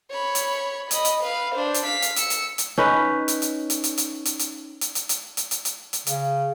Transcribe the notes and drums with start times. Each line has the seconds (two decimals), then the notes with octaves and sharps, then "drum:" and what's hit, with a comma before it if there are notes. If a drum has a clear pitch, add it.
0.10 C#5 B5
0.35 drum: hi-hat
0.91 D#5 B5, drum: hi-hat
1.05 drum: hi-hat
1.23 B4 F5
1.55 D4 C5
1.74 drum: hi-hat
1.85 F5 B6
2.02 drum: hi-hat
2.16 E6 C#7, drum: hi-hat
2.30 drum: hi-hat
2.58 drum: hi-hat
2.78 C#4 D#4 B4
3.28 drum: hi-hat
3.42 drum: hi-hat
3.70 drum: hi-hat
3.84 drum: hi-hat
3.98 drum: hi-hat
4.25 drum: hi-hat
4.39 drum: hi-hat
4.81 drum: hi-hat
4.95 drum: hi-hat
5.09 drum: hi-hat
5.37 drum: hi-hat
5.51 drum: hi-hat
5.65 drum: hi-hat
5.93 drum: hi-hat
6.07 C#3, drum: hi-hat